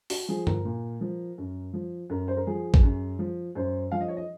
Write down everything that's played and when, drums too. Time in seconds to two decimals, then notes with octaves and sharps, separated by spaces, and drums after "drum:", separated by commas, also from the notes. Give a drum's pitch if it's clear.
0.10 F#4, drum: open hi-hat
0.29 F3 G#4
0.47 A#4, drum: tom G2
0.65 A#2
1.01 F3
1.38 F#2
1.73 F3
2.10 F#2 A#4
2.28 C5
2.37 A#4
2.47 F3 G#4
2.74 drum: kick A1
2.83 F#2
3.19 F3
3.55 F#2 C5
3.92 F3 F5
4.01 D#5
4.08 C#5
4.17 D#5